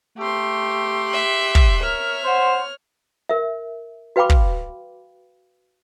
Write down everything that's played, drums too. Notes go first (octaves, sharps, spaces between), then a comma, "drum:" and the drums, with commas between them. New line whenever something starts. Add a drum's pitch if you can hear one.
A3 G4 C6
E5 F#6
drum: kick
A#4 C#5 E5 F6
C5 F#5 C6
A#4 E5
F#4 B4 F5 G5 B5 D6
drum: kick